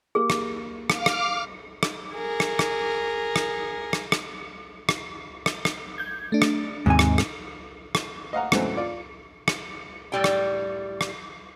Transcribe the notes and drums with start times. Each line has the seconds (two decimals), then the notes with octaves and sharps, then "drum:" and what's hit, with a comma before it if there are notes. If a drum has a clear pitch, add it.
0.15 A#3 G4 G#4 A#4
0.30 drum: rim click
0.90 F5 D6 F6, drum: rim click
1.06 drum: rim click
1.83 drum: rim click
2.14 G#4 A#4
2.40 drum: rim click
2.59 drum: rim click
3.36 drum: rim click
3.93 drum: rim click
4.12 drum: rim click
4.89 drum: rim click
5.46 drum: rim click
5.65 drum: rim click
5.98 G6 G#6
6.32 A3 D4
6.42 drum: rim click
6.86 D#2 G#2 C3 G#5
6.99 drum: rim click
7.18 drum: rim click
7.95 drum: rim click
8.33 D#5 F5 F#5 A#5
8.52 E2 G#2 C#3 F#3 A3 C4, drum: rim click
8.77 F4 D5
9.48 drum: rim click
10.12 A2 G3 G5
10.24 drum: rim click
11.01 drum: rim click